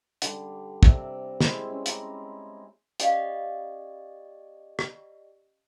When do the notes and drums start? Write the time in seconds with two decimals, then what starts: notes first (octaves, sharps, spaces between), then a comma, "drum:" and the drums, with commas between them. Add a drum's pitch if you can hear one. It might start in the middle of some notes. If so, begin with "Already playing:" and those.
0.22 D3 G3, drum: hi-hat
0.83 C3 D5 E5, drum: kick
1.40 G#3 C4 E4, drum: snare
1.70 C#4
1.86 C4 A#5 D6, drum: hi-hat
3.00 C#4 G4 D5 D#5 F5, drum: hi-hat
4.79 drum: rim click